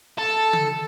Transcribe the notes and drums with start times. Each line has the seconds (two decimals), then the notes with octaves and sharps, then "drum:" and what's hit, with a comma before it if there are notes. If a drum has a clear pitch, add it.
0.18 A4 A5
0.53 drum: tom